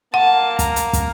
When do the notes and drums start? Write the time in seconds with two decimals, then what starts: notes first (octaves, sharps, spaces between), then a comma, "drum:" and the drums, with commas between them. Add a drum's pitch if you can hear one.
0.14 A#3 F#5 A5
0.59 A#5, drum: kick, hi-hat
0.76 drum: hi-hat
0.93 drum: kick, hi-hat